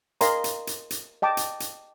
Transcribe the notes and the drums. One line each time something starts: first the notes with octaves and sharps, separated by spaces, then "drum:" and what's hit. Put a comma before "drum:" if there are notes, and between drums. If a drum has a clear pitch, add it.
A#4 D#5 F5 G#5 A#5 C6, drum: hi-hat
drum: hi-hat
drum: hi-hat
drum: hi-hat
D#5 G5 A5 D6
drum: hi-hat
drum: hi-hat